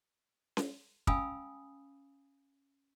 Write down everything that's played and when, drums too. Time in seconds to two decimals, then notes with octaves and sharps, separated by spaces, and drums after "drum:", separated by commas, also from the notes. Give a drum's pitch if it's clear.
0.57 drum: snare C#4
1.07 C#4 F5 G#5 B5 D#6 E6, drum: kick